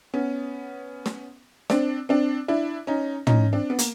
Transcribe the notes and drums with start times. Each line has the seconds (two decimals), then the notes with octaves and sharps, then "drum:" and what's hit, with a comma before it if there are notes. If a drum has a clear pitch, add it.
0.14 B3 C#4
1.06 drum: snare
1.70 C4 D4, drum: snare
2.09 C4 D4
2.48 D4 E4
2.87 C#4 D#4
3.27 C#4 D#4, drum: tom
3.53 C4 D4
3.70 B3
3.79 A#3, drum: hi-hat